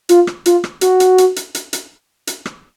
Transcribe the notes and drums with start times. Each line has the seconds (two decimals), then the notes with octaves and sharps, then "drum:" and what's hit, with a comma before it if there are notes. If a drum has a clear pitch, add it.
0.09 F4, drum: hi-hat
0.27 drum: rim click
0.46 F4, drum: hi-hat
0.64 drum: rim click
0.81 F#4, drum: hi-hat
1.00 drum: hi-hat
1.18 drum: hi-hat
1.36 drum: hi-hat
1.55 drum: hi-hat
1.73 drum: hi-hat
2.27 drum: hi-hat
2.46 drum: rim click